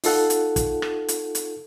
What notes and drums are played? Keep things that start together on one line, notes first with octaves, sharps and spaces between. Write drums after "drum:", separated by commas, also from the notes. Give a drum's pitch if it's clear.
D#4 F4 A4 F#5, drum: open hi-hat
drum: hi-hat
drum: kick, hi-hat
drum: rim click
drum: hi-hat
drum: hi-hat